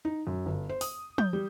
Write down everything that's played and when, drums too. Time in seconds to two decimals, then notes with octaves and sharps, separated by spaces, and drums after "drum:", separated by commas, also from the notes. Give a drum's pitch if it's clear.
0.05 D#4
0.27 F#2
0.46 G1
0.69 C5
0.81 D#6, drum: open hi-hat
1.18 G6, drum: tom
1.33 G3